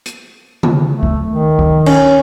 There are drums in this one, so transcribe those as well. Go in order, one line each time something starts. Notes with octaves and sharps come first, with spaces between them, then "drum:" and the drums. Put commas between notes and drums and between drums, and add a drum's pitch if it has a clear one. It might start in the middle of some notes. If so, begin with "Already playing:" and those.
drum: hi-hat
drum: tom C#3
A3
drum: kick
D#3
drum: kick
C#4, drum: cymbal